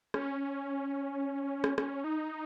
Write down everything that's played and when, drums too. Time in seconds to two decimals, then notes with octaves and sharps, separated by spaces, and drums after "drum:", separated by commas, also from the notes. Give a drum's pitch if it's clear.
0.14 C#4, drum: rim click
1.64 drum: rim click
1.78 C#4, drum: rim click
2.04 D#4